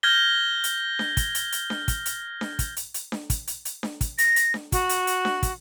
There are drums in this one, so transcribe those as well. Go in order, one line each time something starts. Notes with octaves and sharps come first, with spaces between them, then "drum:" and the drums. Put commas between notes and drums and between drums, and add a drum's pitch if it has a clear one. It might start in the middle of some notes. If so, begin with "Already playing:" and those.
F6 G6 G#6 A#6 G7
drum: hi-hat
drum: snare D4
drum: kick, hi-hat
drum: hi-hat
drum: hi-hat
drum: snare D4
drum: kick, hi-hat
drum: hi-hat
drum: snare D4
drum: kick, hi-hat
drum: hi-hat
drum: hi-hat
drum: snare D4
drum: kick, hi-hat
drum: hi-hat
drum: hi-hat
drum: snare D4
drum: kick, hi-hat
A#6, drum: hi-hat
drum: hi-hat
drum: snare D4
F#4, drum: kick, hi-hat
drum: hi-hat
drum: hi-hat
drum: snare D4
drum: kick, hi-hat